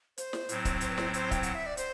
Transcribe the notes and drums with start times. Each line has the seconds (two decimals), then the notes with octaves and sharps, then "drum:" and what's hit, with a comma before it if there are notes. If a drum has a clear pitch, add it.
0.18 C5, drum: hi-hat
0.33 drum: snare
0.49 A2 F#3 C4, drum: hi-hat
0.65 drum: kick C#1, hi-hat
0.81 C5, drum: hi-hat
0.89 B4
0.98 C5, drum: snare
1.14 C5, drum: hi-hat
1.31 G5, drum: kick C#1, hi-hat
1.43 F#5, drum: hi-hat
1.55 E5
1.66 D5
1.77 C5, drum: hi-hat